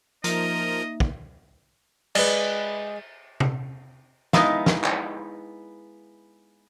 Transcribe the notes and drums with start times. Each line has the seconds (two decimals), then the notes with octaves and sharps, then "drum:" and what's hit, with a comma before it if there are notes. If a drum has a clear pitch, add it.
0.24 F3 A#3 D#4 A#4 D#5 E5, drum: hi-hat
1.00 drum: kick
2.15 G#3 B4 D5, drum: cymbal
3.40 drum: tom C3
4.33 G#3 B3 D#4 E4 F5, drum: snare
4.66 drum: snare
4.84 drum: clap